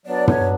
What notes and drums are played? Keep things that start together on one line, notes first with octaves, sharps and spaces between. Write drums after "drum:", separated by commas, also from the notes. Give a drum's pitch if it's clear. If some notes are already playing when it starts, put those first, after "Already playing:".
F#3 B3 D4 D5
C#5, drum: tom